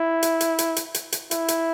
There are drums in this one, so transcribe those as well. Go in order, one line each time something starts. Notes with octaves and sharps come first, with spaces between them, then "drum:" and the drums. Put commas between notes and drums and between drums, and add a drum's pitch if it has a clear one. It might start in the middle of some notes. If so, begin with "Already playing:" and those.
Already playing: E4
drum: hi-hat
drum: hi-hat
drum: hi-hat
drum: hi-hat
drum: hi-hat
drum: hi-hat
E4, drum: hi-hat
drum: hi-hat